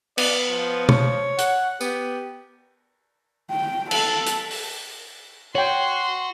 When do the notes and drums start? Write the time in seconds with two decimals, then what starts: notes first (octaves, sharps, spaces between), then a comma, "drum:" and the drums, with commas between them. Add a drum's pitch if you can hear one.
0.18 B3 D5, drum: cymbal
0.50 F3
0.89 C#5, drum: tom
1.39 F#5, drum: hi-hat
1.81 B3 G4, drum: tambourine
3.51 G5
3.91 A4, drum: cymbal
4.27 drum: hi-hat
4.51 drum: open hi-hat
5.55 F#4 C#5 G5 C6